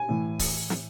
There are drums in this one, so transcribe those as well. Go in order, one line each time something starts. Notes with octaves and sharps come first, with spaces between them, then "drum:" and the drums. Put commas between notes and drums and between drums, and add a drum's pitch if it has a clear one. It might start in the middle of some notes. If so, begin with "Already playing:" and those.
Already playing: G#5
A2 E3
drum: kick C#1, open hi-hat
drum: snare